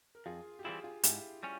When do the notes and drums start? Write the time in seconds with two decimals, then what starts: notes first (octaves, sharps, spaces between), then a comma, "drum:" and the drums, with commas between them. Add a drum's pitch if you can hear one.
0.15 A#4
0.26 F2 F4 G#4
0.59 G4
0.64 E3 G3 C4 E4 F4 G#4
0.84 F4 G#4
1.03 G#2 E4 G4, drum: hi-hat
1.43 G3 C#4